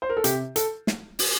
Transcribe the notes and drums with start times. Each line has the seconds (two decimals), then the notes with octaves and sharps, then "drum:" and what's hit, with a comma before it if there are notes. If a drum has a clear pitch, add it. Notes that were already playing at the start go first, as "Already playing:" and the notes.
0.02 C5
0.10 A#4
0.17 A4
0.24 C3 G4, drum: hi-hat
0.56 A4, drum: hi-hat
0.87 drum: snare
1.19 drum: open hi-hat